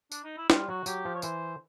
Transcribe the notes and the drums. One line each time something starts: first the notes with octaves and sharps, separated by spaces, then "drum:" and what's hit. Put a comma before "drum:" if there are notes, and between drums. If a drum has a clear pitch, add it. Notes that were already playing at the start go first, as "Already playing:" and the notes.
D4, drum: tambourine
D#4
E4
G3 F4, drum: snare
F#3 F#4
F#3 G4, drum: tambourine
F3
C#5
E3 C5, drum: tambourine